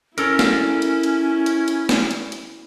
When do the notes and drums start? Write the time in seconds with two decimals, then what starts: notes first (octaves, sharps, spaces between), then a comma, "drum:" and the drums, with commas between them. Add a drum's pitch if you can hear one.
0.18 C#4 E4 A4 A#4, drum: hi-hat
0.39 drum: snare
0.82 drum: hi-hat
1.03 drum: hi-hat
1.46 drum: hi-hat
1.68 drum: hi-hat
1.89 drum: snare
2.11 drum: hi-hat
2.32 drum: hi-hat